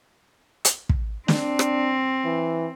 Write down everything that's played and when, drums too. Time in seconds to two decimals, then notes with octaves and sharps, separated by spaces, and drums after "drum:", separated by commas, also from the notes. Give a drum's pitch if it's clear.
0.65 drum: hi-hat
0.89 drum: kick
1.28 C4 D4, drum: snare
1.59 drum: rim click
2.25 E3